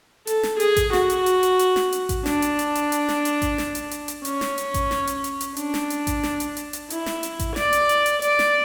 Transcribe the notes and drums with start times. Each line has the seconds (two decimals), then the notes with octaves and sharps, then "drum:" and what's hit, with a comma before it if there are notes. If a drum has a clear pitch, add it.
0.27 A4, drum: hi-hat
0.43 drum: snare
0.60 G#4, drum: hi-hat
0.76 drum: kick A1, hi-hat
0.93 F#4, drum: snare
1.10 drum: hi-hat
1.26 drum: hi-hat
1.43 drum: hi-hat
1.59 drum: hi-hat
1.76 drum: snare
1.93 drum: hi-hat
2.09 drum: kick A1, hi-hat
2.26 D4, drum: snare
2.42 drum: hi-hat
2.59 drum: hi-hat
2.75 drum: hi-hat
2.92 drum: hi-hat
3.09 drum: snare
3.25 drum: hi-hat
3.42 drum: kick A1, hi-hat
3.58 drum: snare
3.75 drum: hi-hat
3.91 drum: hi-hat
4.08 drum: hi-hat
4.25 C#4, drum: hi-hat
4.41 drum: snare
4.58 drum: hi-hat
4.74 drum: kick A1, hi-hat
4.91 drum: snare
5.07 drum: hi-hat
5.24 drum: hi-hat
5.41 drum: hi-hat
5.57 D4, drum: hi-hat
5.74 drum: snare
5.90 drum: hi-hat
6.07 drum: kick A1, hi-hat
6.23 drum: snare
6.40 drum: hi-hat
6.57 drum: hi-hat
6.73 drum: hi-hat
6.90 E4, drum: hi-hat
7.06 drum: snare
7.23 drum: hi-hat
7.39 drum: kick A1, hi-hat
7.56 D5, drum: snare
7.73 drum: hi-hat
7.89 drum: hi-hat
8.06 drum: hi-hat
8.22 D5, drum: hi-hat
8.39 drum: snare